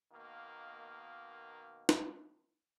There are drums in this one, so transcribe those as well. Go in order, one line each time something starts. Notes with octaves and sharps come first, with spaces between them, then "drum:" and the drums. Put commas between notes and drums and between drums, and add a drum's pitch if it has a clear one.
B2 D#3 A#3
drum: snare